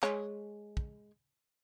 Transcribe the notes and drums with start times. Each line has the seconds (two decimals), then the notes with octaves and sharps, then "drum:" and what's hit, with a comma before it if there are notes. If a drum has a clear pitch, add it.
0.03 G#3 C#5, drum: clap
0.77 drum: kick